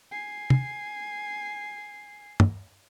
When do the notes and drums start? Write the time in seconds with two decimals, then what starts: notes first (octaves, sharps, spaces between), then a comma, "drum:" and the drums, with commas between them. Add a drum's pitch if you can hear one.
0.11 G#5 C7
0.50 drum: tom
2.40 drum: tom